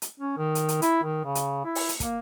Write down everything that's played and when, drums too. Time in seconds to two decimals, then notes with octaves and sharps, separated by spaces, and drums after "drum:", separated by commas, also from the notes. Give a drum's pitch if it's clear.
0.02 drum: hi-hat
0.20 C#4
0.37 D#3
0.55 drum: hi-hat
0.69 drum: hi-hat
0.82 E4, drum: hi-hat
1.03 D#3
1.24 C#3
1.35 drum: hi-hat
1.65 E4
1.75 drum: open hi-hat
1.89 drum: hi-hat
2.00 A#3, drum: kick, hi-hat